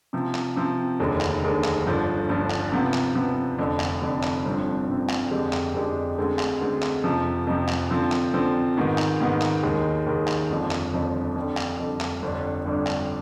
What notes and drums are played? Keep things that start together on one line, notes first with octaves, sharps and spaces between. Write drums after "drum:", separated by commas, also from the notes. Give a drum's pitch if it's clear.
C3 F3 C4
drum: clap
C3 F3 C4
F1 D#2 D3 G#3
drum: clap
F1 D#2 D3 G#3
drum: clap
G1 G2 D3 F3
G1 G2 D3 F3
drum: clap
C3 F3 B3
drum: clap
C3 F3 B3
F1 F2 D3
drum: clap
F1 F2 D3
drum: clap
G1 G2 F3 C4
G1 G2 F3 C4
drum: clap
F2 D3 G#3 D4 G4
drum: clap
F2 D3 G#3 D4 G4
D2 D3 G#3 C4
drum: clap
D2 D3 G#3 C4
drum: clap
F2 C3 F3
F2 C3 F3
drum: clap
D3 F3 C4
drum: clap
D3 F3 C4
G#2 D#3 B3
drum: clap
G#2 D#3 B3
drum: clap
D#2 D#3 G#3
D#2 D#3 G#3
drum: clap
G1 F2 D3 F3
drum: clap
G1 F2 D3 F3
F2 D3 G3
drum: clap
F2 D3 G3
drum: clap
G1 F2 D3 G3 D4
G1 F2 D3 G3 D4
drum: clap